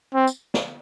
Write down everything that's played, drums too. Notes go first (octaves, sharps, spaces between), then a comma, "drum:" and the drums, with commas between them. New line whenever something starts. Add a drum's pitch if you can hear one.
C4
drum: tambourine
drum: snare